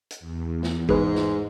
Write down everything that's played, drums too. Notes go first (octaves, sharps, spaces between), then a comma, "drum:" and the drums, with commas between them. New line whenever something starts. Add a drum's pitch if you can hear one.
drum: hi-hat
E2
drum: snare
G#2 G#3 G#4 B4, drum: kick G#1
drum: snare